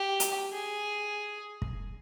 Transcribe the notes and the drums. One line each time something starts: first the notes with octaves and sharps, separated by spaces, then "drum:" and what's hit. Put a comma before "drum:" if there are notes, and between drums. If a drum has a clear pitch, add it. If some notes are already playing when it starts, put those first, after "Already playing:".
Already playing: G4
drum: hi-hat
G#4
drum: kick